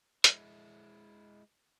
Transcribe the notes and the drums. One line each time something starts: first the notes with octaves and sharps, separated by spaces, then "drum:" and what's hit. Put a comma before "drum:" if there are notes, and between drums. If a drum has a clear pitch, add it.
G#3 E4, drum: hi-hat